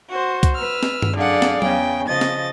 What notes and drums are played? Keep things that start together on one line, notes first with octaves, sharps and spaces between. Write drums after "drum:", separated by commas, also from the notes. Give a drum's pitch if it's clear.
F#4 C5
drum: kick C2, hi-hat
B4 E6 F6
drum: snare
drum: tom G2
F#2 D3 G#4 D5 F5 F#5
drum: snare
E2 C#3 G5, drum: tom F#3
C#3 F3 D#5 A6
drum: snare